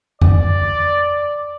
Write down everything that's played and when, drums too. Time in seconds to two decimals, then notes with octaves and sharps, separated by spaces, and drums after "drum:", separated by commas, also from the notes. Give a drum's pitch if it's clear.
0.21 D5, drum: tom F2